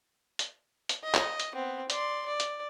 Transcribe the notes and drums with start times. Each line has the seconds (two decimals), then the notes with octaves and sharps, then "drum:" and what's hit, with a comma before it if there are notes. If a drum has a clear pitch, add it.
0.39 drum: hi-hat
0.89 drum: hi-hat
1.04 D#5
1.14 drum: clap
1.40 drum: hi-hat
1.54 B3 C4
1.90 D5 C6, drum: hi-hat
2.27 D5
2.40 drum: hi-hat